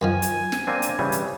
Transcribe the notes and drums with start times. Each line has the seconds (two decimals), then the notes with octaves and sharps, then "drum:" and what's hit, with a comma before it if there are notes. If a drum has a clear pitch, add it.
0.01 F#2 D#3 F3 G#5
0.22 drum: hi-hat
0.52 drum: snare
0.67 A#3 C4 D4
0.82 drum: hi-hat
0.99 C#3 E3 G3
1.12 drum: hi-hat